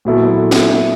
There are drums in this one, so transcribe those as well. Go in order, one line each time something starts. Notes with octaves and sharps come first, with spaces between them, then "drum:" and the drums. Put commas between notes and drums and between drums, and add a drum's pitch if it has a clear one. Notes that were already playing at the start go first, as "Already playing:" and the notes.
A#2 F#3 B3 E4 A4
drum: snare